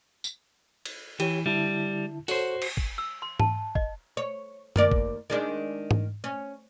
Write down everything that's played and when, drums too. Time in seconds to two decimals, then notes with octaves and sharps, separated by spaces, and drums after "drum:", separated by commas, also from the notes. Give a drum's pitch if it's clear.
0.24 drum: tambourine
0.85 drum: cymbal
1.20 E3 G4 C#5, drum: cymbal
1.46 D3 G3 E4 A5
2.28 F#4 A4 C5 C#5, drum: open hi-hat
2.62 drum: cymbal
2.77 drum: kick
2.98 E6
3.22 C6
3.40 A5, drum: tom G#2
3.75 D#5, drum: kick
4.17 C#5
4.76 D#2 A#4 D5, drum: tom F#2
4.92 drum: kick
5.30 D#3 G#3 D4
5.91 drum: tom G#2
6.24 C#4